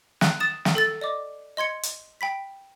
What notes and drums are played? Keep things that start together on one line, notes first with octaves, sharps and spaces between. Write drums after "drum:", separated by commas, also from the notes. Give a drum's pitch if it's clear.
F#6, drum: snare
D#6 A6 E7
drum: snare
A4 E6 A6
D5 D#5 D6
D#5 C6 G#6 C#7
drum: hi-hat
G5 B5 B6